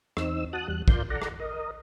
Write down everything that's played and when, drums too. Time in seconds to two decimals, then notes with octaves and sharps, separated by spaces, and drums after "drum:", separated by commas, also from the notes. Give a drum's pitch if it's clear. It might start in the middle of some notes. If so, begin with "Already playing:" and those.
0.17 E2 C4 D#4 E6, drum: rim click
0.53 F#4 A5 D#6 F#6
0.68 E2 G3 F#6
0.88 F4 A#4 D5 C6 G6, drum: kick
1.10 A4 D5 F#5 A#5
1.22 drum: rim click
1.40 A#4 D#5